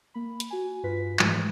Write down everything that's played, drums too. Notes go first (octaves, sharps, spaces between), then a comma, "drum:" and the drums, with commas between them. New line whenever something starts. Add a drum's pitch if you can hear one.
A#3 B5
drum: hi-hat
F#4 G#5
G2 F4 B4 B6
G#2 E3 F3 G#3 A3, drum: clap